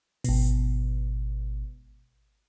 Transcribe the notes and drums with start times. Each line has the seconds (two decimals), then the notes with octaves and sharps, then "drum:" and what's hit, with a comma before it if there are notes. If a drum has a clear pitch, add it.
0.24 G#1 B2, drum: open hi-hat